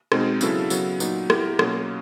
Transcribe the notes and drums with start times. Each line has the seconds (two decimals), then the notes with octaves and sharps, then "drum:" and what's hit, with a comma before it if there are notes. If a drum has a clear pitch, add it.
0.12 B2 G#3 C4 D#4, drum: rim click
0.41 C#3 F#3 B3 E4 A4, drum: tambourine
0.70 C#3 F#3 B3, drum: tambourine
1.00 A#2 F#3 B3 D#4, drum: tambourine
1.30 B3 E4 G4 A#4, drum: rim click
1.59 B2 F#3 A#3 C#4, drum: rim click